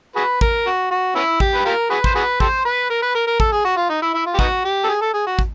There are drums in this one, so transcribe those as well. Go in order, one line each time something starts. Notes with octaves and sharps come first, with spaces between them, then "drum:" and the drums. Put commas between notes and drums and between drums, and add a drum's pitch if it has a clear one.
F#4 G#4 B4
A#4, drum: kick
F#4
F#4
B3 C#4 E4
G4, drum: kick
B4
F4 G4 A#4
F#4 G#4 B4
C5, drum: kick
F#4 G#4 B4
G4 A4 C5, drum: kick
B4
A#4
B4
A#4
A#4
A4, drum: kick
G#4
F#4
F4
D#4
E4
E4
F4
G4
B3 D#4 F#4, drum: kick
G4
A4
G#4
A4
G#4
F#4
drum: kick